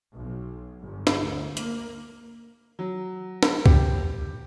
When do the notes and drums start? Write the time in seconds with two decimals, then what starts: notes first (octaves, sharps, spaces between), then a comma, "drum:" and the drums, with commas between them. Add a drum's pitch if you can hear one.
0.15 B1
0.81 G1
1.07 drum: snare
1.21 D2
1.57 A#3, drum: hi-hat
2.79 F#3
3.43 drum: snare
3.66 G4, drum: kick